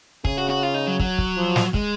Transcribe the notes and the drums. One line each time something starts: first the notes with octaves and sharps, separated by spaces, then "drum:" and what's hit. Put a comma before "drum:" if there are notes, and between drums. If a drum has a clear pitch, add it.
C#3 G#4, drum: kick
F#4
F#4
F4
D#4
F#3
F#3, drum: kick
drum: kick
F3
drum: snare
G#3, drum: kick